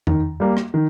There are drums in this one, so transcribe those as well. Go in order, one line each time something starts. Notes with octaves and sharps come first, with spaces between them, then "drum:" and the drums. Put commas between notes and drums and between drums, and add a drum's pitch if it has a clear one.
D#3, drum: tom E2
G3 A#3
drum: rim click
D#3